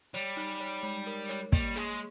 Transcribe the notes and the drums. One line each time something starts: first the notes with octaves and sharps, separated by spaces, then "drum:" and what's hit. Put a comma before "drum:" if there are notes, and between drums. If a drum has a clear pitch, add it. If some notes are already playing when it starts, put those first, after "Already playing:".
G3 C#5
D#4
C#5
G#3
A#4
C#5, drum: hi-hat
G3 A#3, drum: kick
G#3 G#4, drum: hi-hat